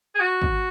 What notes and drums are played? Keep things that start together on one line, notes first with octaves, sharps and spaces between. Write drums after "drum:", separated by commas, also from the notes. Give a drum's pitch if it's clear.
G#4
F#4
drum: kick